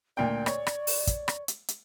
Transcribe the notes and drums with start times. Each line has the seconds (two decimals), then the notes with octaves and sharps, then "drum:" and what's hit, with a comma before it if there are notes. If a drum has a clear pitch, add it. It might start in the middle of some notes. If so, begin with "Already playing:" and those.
0.17 D2 A#2 D5 G5
0.46 C#5, drum: rim click
0.67 drum: rim click
0.87 drum: open hi-hat
1.07 drum: kick, hi-hat
1.28 drum: rim click
1.48 drum: hi-hat
1.68 drum: hi-hat